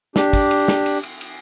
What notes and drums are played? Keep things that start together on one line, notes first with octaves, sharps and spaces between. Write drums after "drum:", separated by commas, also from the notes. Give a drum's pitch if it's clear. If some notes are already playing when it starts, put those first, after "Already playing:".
D4 G4, drum: snare
drum: kick, cymbal
drum: cymbal
drum: snare
drum: cymbal
drum: cymbal
drum: cymbal